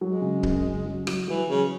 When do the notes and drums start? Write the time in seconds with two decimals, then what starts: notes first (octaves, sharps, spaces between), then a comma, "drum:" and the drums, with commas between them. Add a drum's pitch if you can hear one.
0.01 F#3 G#3
0.22 C#3
0.43 F#2, drum: kick C#1
0.64 C#3
0.85 F#3
1.07 F#3, drum: rim click
1.28 E3 F#3
1.48 C#3 F#3